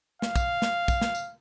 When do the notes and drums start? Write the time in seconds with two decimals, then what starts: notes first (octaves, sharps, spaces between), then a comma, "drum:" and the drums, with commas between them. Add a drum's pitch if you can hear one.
0.22 F5, drum: snare
0.36 drum: kick, tambourine
0.62 drum: snare
0.88 drum: kick, tambourine
1.01 drum: snare
1.15 drum: tambourine